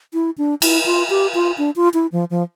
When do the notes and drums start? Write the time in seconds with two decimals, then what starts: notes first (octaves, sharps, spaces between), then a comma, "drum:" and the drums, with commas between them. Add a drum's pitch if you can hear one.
0.14 E4
0.38 D4
0.62 E4, drum: cymbal
0.86 F4
1.10 G4
1.34 F4
1.58 D4
1.76 F4
1.94 E4
2.12 F3
2.30 F3